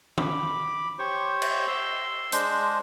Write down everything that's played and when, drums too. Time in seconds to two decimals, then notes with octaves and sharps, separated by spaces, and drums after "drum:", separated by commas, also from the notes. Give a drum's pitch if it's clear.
0.18 B5 D6, drum: tom D#3
0.99 G4 C5 C#5 C#6
1.42 drum: cymbal
1.68 C6 E6
2.32 G#3 D4 C5, drum: hi-hat